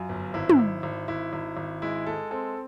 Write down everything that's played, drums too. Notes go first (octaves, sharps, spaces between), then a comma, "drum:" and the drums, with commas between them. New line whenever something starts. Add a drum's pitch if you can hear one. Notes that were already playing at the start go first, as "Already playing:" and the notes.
Already playing: F#2 F4
G1
G#1 E4
drum: tom
G#1
G#1
G#1 E4
G#1
G#1
G#3 E4
G#3 A4
C4 A4